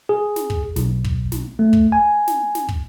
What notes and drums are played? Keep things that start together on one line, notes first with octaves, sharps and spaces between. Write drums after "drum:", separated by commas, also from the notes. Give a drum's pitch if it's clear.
G#4
drum: snare
drum: kick
B1, drum: snare
drum: kick
drum: snare
A3
drum: kick
G#5
drum: snare
drum: snare
drum: kick